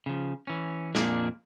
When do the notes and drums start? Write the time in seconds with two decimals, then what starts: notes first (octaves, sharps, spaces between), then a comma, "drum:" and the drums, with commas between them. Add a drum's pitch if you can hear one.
0.06 C#3 F3
0.47 E3 C#4
0.95 F2 A#2 A#3 D4 G#4, drum: snare